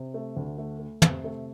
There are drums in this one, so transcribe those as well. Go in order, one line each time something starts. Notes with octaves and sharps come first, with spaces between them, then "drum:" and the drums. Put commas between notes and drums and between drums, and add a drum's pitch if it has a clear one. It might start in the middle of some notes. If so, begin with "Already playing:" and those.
Already playing: C3
A3
D2
A3
A3
C3, drum: tom
A3